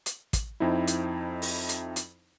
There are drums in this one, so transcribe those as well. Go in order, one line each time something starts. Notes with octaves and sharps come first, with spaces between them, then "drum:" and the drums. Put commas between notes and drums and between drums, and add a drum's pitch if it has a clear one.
drum: hi-hat
drum: kick, hi-hat
F2 C4 D#4 E4
drum: hi-hat
drum: open hi-hat
drum: hi-hat
drum: hi-hat